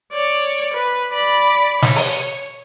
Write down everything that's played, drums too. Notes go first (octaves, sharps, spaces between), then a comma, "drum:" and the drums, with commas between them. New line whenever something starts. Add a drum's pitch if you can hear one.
C#5 D5
B4
D5 B5
C#5, drum: snare
drum: open hi-hat